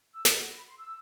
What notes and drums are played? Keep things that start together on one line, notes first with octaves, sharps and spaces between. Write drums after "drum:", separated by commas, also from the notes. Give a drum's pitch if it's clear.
E6
D#5, drum: snare
F#4
B5
C6
E6